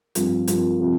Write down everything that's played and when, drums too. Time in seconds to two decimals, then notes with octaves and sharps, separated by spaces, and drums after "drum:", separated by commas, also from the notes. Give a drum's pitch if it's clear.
0.15 G2 F3 C4 F4, drum: hi-hat
0.47 G2 F3 C4 F4, drum: hi-hat
0.80 C3 F3